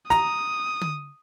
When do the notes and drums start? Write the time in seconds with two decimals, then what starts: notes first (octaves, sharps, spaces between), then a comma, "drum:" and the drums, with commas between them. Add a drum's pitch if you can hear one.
0.10 A#5 D#6, drum: snare
0.81 drum: tom D3